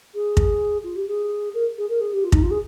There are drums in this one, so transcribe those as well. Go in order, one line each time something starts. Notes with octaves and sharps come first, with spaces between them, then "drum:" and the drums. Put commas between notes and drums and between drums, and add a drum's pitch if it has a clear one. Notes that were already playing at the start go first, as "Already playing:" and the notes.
G#4
drum: kick
F4
G4
G#4
A#4
G#4
A#4
G#4
G4
F4
D#4, drum: kick
F4
G#4